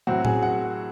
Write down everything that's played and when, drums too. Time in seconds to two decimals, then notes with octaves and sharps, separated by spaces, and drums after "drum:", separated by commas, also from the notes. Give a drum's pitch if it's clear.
0.07 A2 F#3 C4 F#4
0.25 G#4, drum: tom A2
0.42 F#5